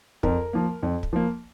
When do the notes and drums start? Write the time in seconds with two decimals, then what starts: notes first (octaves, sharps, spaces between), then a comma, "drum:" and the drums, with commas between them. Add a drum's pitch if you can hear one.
0.23 F2 A#4, drum: kick
0.53 F3 A#3
0.83 F2
1.03 drum: kick
1.13 F3 A#3